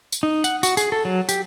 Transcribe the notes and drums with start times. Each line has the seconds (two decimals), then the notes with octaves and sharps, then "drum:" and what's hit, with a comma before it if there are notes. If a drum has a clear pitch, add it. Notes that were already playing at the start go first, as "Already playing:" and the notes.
0.12 drum: tambourine
0.23 D#4
0.44 F#5, drum: tambourine
0.63 F#4, drum: tambourine
0.77 G#4, drum: tambourine
0.92 A4
1.05 F#3
1.29 G4, drum: tambourine